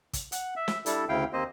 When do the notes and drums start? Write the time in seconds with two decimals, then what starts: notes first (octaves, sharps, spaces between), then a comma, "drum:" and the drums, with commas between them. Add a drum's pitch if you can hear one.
0.13 drum: kick, hi-hat
0.32 F#5, drum: hi-hat
0.56 E5
0.68 drum: snare
0.86 G3 D4 E4 A4, drum: hi-hat
1.09 D2 C#3 E4 F5 G5
1.33 D#2 A#3 C4 C5 D#5